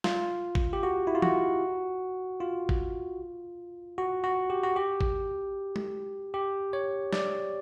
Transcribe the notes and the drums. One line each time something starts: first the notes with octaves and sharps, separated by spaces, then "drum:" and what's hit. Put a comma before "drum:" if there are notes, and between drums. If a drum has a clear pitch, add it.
F4, drum: snare
drum: kick G#1
G4
F#4
E4
F4
F#4, drum: tom E3
F4
drum: kick G#1
F#4
F#4
G4
F#4
G4
drum: kick G#1
drum: tom G#3
G4
C#5
D5, drum: snare